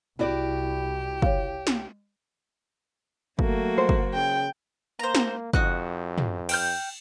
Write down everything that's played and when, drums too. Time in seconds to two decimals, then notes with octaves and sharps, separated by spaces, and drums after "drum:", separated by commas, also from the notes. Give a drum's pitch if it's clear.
0.19 C2 E4 F#4 G4 D5
1.22 C#5 F5, drum: kick
1.67 drum: snare
3.39 F#3 A3 A#3 F#4, drum: kick
3.78 C5
3.89 drum: kick
4.14 C#3 G5
4.99 A#3 C5 A#5
5.15 drum: snare
5.53 F2 D#4 F#4 F#6, drum: kick
6.18 drum: tom
6.49 G5 F6 G6, drum: cymbal